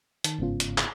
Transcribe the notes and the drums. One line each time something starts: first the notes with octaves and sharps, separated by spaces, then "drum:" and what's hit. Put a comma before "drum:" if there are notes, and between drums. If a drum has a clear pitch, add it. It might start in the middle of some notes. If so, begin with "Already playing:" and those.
D#3 A5, drum: hi-hat
G1 G#2 C#3 B3 C#4 F4
drum: hi-hat
drum: clap